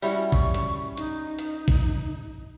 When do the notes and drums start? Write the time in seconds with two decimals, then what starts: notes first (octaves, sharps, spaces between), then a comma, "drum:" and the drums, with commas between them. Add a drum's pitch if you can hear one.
0.02 G3 C#4 E4 F#4, drum: tambourine
0.32 C#6, drum: kick
0.55 drum: hi-hat
0.97 D#4, drum: hi-hat
1.39 drum: hi-hat
1.68 drum: kick